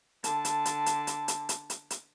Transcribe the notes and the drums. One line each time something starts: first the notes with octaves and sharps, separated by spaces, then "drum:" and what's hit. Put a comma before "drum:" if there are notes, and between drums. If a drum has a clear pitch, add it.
D3 A5, drum: hi-hat
drum: hi-hat
drum: hi-hat
drum: hi-hat
drum: hi-hat
drum: hi-hat
drum: hi-hat
drum: hi-hat
drum: hi-hat